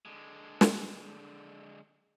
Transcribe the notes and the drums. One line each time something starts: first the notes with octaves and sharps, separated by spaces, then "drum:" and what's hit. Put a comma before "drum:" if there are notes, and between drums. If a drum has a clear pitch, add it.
D3 G#3
drum: snare